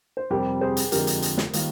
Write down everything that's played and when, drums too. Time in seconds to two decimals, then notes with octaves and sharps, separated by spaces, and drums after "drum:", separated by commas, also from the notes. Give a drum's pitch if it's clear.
0.17 C5
0.30 F2 C3 G3 C4 G4 A#4
0.61 G#4 C5
0.77 drum: hi-hat
0.92 F2 D3 F3 G#3 D4 G4 A#4, drum: hi-hat
1.07 drum: hi-hat
1.22 drum: hi-hat
1.38 drum: snare
1.53 D#3 G3 A#3 F4, drum: hi-hat